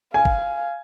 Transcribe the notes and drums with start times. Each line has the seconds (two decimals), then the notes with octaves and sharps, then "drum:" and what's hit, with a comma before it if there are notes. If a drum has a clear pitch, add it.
0.14 F5 G#5
0.25 drum: kick